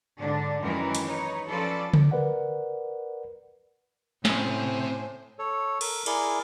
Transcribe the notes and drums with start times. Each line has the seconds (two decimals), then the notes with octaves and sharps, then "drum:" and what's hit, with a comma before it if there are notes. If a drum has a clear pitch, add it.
0.19 G#2 D3 D4
0.62 F#2 D#3 E3 G#3 A#4 B4
0.95 drum: hi-hat
1.04 D#4 B4 C#5
1.49 F3 C#4 F4 A4 B4 D5
1.93 drum: tom C#3
2.11 A#4 B4 D5 F#5
4.25 A2 C4 C#4 C5 E5 D#6, drum: snare
5.39 A4 C#5
5.81 A4 A#4, drum: cymbal
6.06 E4 G#4 A#4 D5, drum: cymbal